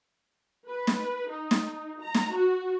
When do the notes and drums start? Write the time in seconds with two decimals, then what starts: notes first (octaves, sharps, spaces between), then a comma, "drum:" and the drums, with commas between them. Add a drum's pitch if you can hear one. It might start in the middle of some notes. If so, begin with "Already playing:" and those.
0.69 B4
0.87 drum: snare
1.30 D#4
1.51 drum: snare
2.01 A#5
2.14 drum: snare
2.35 F#4